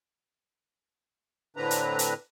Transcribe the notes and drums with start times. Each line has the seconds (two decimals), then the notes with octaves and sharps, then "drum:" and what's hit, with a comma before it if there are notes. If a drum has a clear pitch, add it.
1.56 A2 D3 C4 D4 B4 A#5
1.71 drum: hi-hat
1.99 drum: hi-hat